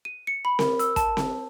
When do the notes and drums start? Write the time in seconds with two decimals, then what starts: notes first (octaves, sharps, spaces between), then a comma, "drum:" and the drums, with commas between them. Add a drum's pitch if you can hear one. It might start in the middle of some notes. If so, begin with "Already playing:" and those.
0.05 D#7
0.27 C#7
0.45 B5
0.59 A#4, drum: snare C4
0.79 E6, drum: hi-hat
0.96 A5, drum: kick, hi-hat
1.17 drum: snare C4